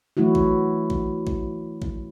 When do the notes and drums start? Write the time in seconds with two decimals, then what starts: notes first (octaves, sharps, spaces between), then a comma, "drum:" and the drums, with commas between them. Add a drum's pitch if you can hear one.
0.17 E3 F#3 A3 E4 F#4
0.35 drum: kick A1
0.90 drum: kick A1
1.27 drum: kick A1
1.82 drum: kick A1